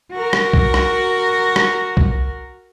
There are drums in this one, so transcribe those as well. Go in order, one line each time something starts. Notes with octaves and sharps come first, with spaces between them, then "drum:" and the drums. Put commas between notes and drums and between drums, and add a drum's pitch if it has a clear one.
F#4 A#4
drum: rim click
drum: kick C2
drum: rim click
drum: rim click
drum: kick C2